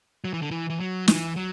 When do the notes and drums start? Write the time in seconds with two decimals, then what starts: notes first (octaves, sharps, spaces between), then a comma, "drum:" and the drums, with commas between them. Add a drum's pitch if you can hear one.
0.24 F#3
0.33 E3
0.42 D3
0.51 E3
0.70 E3
0.80 F#3
1.08 E3, drum: snare
1.36 F#3